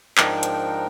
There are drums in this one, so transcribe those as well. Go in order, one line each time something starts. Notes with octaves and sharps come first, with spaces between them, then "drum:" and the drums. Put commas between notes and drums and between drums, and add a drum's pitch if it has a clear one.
G#2 F3 D4 D#4 A#4 G5, drum: clap
drum: hi-hat